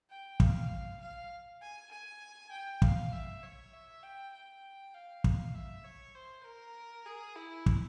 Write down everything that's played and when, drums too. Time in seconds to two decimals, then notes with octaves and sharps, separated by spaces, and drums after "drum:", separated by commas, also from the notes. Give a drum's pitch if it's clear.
0.10 G5
0.40 F5, drum: kick
1.01 F5
1.61 G#5
1.91 G#5
2.51 G5
2.82 F5, drum: kick
3.12 E5
3.43 C#5
3.73 E5
4.03 G5
4.33 G5
4.94 F5
5.24 drum: kick
5.55 E5
5.85 C#5
6.15 C5
6.45 A#4
7.06 G#4
7.36 E4
7.66 drum: kick